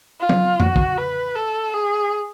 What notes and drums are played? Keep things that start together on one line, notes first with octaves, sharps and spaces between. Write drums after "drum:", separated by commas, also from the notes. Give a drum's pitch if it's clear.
F4
drum: tom F#3
F#4, drum: tom F2
drum: kick
B4
A4
G#4